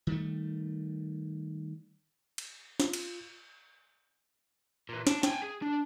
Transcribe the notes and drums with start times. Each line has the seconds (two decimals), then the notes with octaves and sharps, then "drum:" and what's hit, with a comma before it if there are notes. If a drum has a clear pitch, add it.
0.07 D#3 G3 A3
2.38 drum: cymbal
2.80 F4, drum: snare
2.93 drum: cymbal
4.89 A#2 E3
5.07 D4, drum: snare
5.23 G5 G#5, drum: snare
5.42 G#4
5.62 D4